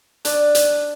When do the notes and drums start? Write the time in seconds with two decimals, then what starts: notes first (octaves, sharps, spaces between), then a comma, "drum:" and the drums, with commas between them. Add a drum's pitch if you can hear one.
0.25 D4 D5, drum: hi-hat
0.55 drum: hi-hat